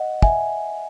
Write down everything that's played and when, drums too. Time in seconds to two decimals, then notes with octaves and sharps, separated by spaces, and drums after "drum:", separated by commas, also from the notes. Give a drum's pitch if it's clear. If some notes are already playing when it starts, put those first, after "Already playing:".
Already playing: D#5 F#5
0.22 E5 G#5, drum: kick